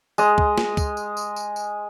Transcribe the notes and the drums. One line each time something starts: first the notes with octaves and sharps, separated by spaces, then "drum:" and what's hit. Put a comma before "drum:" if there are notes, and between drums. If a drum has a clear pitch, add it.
G#3 D#5, drum: tambourine
drum: kick
drum: snare
drum: kick, tambourine
drum: tambourine
drum: tambourine
drum: tambourine
drum: tambourine